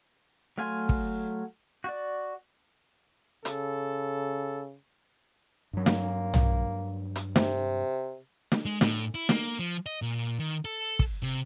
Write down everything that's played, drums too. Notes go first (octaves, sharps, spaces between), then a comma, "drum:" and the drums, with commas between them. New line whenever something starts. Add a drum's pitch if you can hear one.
F#3 A3 F5 G#5 C6
drum: kick
F#4 D5
C#3 A4, drum: hi-hat
G2 F#3
A#3, drum: snare
drum: tom
drum: hi-hat
C3, drum: snare
drum: snare
G#3
A2, drum: snare
E4
A#3, drum: snare
F3
D#5
A#2
D#3
A4
drum: kick
C3